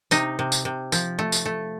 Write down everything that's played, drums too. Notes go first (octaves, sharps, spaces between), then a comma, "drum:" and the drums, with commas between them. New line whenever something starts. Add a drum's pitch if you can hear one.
C3 D#4, drum: tambourine
C3
drum: tambourine
C3
F3, drum: tambourine
A3
drum: tambourine
A3